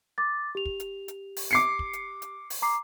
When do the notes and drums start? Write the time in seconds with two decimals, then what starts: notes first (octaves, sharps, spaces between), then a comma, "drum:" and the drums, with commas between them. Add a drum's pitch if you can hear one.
0.18 D6 A6
0.55 G4 F7
0.65 drum: kick
0.80 drum: hi-hat
1.08 drum: hi-hat
1.37 drum: open hi-hat
1.51 D6 C7 C#7
1.79 drum: kick
1.93 drum: hi-hat
2.22 drum: hi-hat
2.50 drum: open hi-hat
2.62 A#5 D6 C7